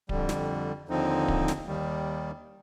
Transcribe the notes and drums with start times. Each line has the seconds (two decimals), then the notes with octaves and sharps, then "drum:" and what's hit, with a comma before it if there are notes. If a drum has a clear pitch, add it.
0.09 F2 D3 G3, drum: kick D1
0.29 drum: snare
0.88 D#2 D3 F3 C4 D#4
1.28 drum: kick D1
1.48 drum: snare
1.67 D#2 D#3 G3